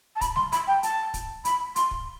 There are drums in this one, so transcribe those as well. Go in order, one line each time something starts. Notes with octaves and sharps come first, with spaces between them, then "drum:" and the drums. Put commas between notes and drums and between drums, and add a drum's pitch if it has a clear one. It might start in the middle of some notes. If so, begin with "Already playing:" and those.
A5
B5, drum: kick, hi-hat
C6, drum: snare G3
B5, drum: hi-hat
G5
A5, drum: hi-hat
drum: kick, hi-hat
B5, drum: hi-hat
C6, drum: hi-hat
drum: kick